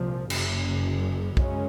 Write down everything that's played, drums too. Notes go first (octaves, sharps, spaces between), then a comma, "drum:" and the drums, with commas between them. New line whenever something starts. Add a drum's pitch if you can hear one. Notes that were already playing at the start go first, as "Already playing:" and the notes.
Already playing: C2 A#2 F3
F#1 F#2 C#3, drum: cymbal
F#2 C#3 G#3 C#4, drum: kick B1